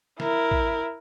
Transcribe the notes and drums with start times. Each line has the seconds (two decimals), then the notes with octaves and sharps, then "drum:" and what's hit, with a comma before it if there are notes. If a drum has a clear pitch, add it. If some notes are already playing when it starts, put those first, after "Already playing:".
0.20 E4 A#4, drum: snare
0.51 drum: kick